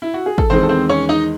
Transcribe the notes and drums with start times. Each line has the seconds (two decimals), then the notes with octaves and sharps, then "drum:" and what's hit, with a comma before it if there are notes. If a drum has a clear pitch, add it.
0.02 E4
0.14 F#4
0.26 G#4
0.38 A4, drum: kick
0.50 E2 D#3 G#3 C4 C5
0.63 A4
0.69 C4 C5
0.89 C#4 C#5
1.09 D#4 D#5